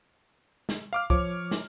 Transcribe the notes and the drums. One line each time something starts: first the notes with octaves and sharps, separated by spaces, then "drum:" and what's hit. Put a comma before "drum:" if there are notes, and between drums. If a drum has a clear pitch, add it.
drum: snare
F5 D6 F6
F3 C#5 D6, drum: kick
drum: snare